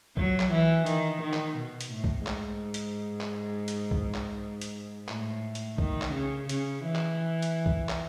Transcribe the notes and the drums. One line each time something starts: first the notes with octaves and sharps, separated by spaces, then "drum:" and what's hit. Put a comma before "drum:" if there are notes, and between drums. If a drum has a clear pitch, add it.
F#3, drum: kick C2
drum: clap
E3
D#3, drum: hi-hat
D#3
drum: clap
B2
drum: hi-hat
A2
drum: kick C2
G#2, drum: clap
drum: hi-hat
drum: clap
drum: hi-hat
drum: kick C2
drum: clap
drum: hi-hat
A2, drum: clap
drum: hi-hat
D#3, drum: kick C2
drum: clap
C#3
C#3, drum: hi-hat
E3
drum: clap
drum: hi-hat
drum: kick C2
drum: clap